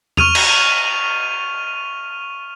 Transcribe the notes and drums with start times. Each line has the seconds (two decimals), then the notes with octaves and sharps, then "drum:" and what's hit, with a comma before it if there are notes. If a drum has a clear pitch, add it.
0.17 C#6 F6 D#7 F7, drum: tom E2
0.35 drum: cymbal